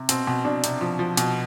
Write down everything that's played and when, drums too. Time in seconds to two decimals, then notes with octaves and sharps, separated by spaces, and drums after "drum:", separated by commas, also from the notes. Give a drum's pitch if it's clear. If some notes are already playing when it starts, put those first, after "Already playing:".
Already playing: C3
0.09 B2 C4, drum: hi-hat
0.27 B2
0.45 B2 D4
0.64 C3, drum: hi-hat
0.81 F3
0.99 F3
1.17 B2, drum: hi-hat